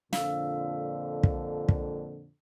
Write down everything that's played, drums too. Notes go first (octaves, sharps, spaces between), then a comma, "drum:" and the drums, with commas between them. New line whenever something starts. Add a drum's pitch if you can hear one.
F2 A#2 D3 F5 E6, drum: snare
drum: kick
drum: kick